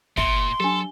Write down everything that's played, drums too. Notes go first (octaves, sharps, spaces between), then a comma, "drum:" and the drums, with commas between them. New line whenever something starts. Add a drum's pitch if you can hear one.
G1 A#2 E5 C6, drum: kick
F#3 D4 G4 A4